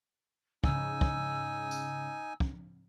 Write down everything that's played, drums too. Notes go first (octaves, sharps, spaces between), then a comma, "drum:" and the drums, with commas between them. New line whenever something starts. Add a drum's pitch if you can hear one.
G#2 C#3 D#4 G#5 E6, drum: kick
drum: kick
drum: tambourine
drum: kick